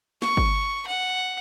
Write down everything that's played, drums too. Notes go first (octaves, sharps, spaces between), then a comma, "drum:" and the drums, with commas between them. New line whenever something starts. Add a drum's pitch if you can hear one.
C#6, drum: snare
drum: kick
F#5